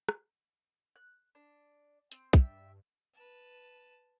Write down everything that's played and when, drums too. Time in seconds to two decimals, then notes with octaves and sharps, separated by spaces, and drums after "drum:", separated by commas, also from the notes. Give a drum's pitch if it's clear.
0.09 drum: rim click
0.96 F#6
1.35 D4
2.11 C4, drum: hi-hat
2.33 G2 D5 E5 G5, drum: kick
3.14 B4 A5